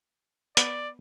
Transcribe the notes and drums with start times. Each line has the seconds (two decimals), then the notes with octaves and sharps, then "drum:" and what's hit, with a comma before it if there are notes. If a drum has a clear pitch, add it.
0.57 B3 D5, drum: hi-hat